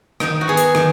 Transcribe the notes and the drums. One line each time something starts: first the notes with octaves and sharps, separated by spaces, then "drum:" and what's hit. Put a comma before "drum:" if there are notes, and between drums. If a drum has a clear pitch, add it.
D#3 D#4, drum: rim click
F#4
B3 G#4
drum: hi-hat
D#3, drum: rim click